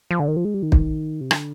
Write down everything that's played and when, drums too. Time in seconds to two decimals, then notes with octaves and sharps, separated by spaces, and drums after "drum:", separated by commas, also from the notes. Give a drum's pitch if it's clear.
0.11 F3
0.20 D3
0.28 D#3
0.36 F3
0.45 G#3
0.54 G3
0.63 D#3
0.72 drum: kick
1.21 C3
1.31 D3, drum: rim click